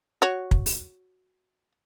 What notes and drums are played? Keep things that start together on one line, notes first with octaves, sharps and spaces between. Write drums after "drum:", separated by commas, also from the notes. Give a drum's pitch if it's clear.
F#4 C#5
drum: kick
drum: open hi-hat